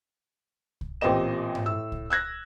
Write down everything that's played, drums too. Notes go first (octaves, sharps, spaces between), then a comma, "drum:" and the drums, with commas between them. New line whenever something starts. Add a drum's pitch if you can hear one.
drum: kick C2
A1 A#2 C4 G4 D#5 E7
drum: tom G#2
A2 E6
drum: kick C2
E6 F#6 G#6 A#6